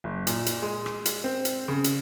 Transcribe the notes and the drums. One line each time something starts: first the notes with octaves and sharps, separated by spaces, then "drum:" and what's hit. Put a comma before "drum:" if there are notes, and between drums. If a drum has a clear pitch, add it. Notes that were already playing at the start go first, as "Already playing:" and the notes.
F#1
A#2, drum: hi-hat
drum: hi-hat
G#3
drum: rim click
drum: hi-hat
C4
drum: hi-hat
C#3
drum: hi-hat